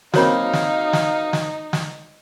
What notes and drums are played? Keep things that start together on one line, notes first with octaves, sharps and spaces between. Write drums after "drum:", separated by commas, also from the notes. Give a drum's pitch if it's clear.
F#3 A#3 C4 D#4 F#4 C#5 F5 B5, drum: snare
drum: snare
drum: snare
drum: snare
drum: snare